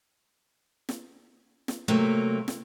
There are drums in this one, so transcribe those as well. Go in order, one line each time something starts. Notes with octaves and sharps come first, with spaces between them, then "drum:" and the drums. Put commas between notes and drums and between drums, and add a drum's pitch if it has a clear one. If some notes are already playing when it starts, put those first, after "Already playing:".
drum: snare
drum: snare
C3 F#3 A3 A#3
drum: snare